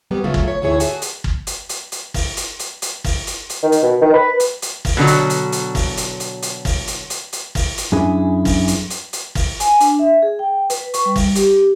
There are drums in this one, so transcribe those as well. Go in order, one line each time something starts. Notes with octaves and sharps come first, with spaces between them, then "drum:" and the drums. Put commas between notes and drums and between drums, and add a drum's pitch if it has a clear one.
F#3 G3 B3
F2 C#3 F#3 A3 F4
drum: kick
C#5
D2 G#2 C3 E4 G#4 C#5
F#4 G#4 A4, drum: hi-hat
drum: hi-hat
drum: kick
drum: hi-hat
drum: hi-hat
drum: hi-hat
drum: kick, open hi-hat
drum: hi-hat
drum: hi-hat
drum: hi-hat
drum: kick, open hi-hat
drum: hi-hat
drum: hi-hat
D#3
drum: hi-hat
B2
D#3
B4
drum: hi-hat
drum: hi-hat
drum: kick, open hi-hat
B2 D3 F3 F#3
drum: hi-hat
drum: hi-hat
drum: hi-hat
drum: kick, open hi-hat
drum: hi-hat
drum: hi-hat
drum: hi-hat
drum: kick, open hi-hat
drum: hi-hat
drum: hi-hat
drum: hi-hat
drum: kick, open hi-hat
drum: hi-hat
F#2 C#4 D4 E4 G#4 G#5
drum: kick, open hi-hat
drum: hi-hat
drum: hi-hat
drum: hi-hat
drum: kick, open hi-hat
G#5, drum: hi-hat
D4, drum: hi-hat
E5
G#4
G5
B4, drum: hi-hat
C#6, drum: hi-hat
G3
drum: kick, open hi-hat
G4, drum: hi-hat